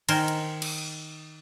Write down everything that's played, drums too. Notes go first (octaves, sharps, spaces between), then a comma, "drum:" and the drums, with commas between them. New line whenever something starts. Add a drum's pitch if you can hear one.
D#3 A#4 C5 G#5, drum: cymbal
drum: hi-hat
drum: cymbal